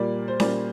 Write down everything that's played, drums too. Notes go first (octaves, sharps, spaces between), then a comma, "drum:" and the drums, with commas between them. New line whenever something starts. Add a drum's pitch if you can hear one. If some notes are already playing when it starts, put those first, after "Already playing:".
Already playing: A#2 G3 A#3 D5
C5
A#2 G3 A#3 D5, drum: snare C#4